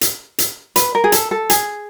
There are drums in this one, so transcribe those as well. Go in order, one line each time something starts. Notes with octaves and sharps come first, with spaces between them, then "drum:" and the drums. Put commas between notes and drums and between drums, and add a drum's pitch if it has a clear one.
drum: hi-hat
drum: hi-hat
B4, drum: hi-hat
A#4
G#4
A4, drum: hi-hat
A4
G#4, drum: hi-hat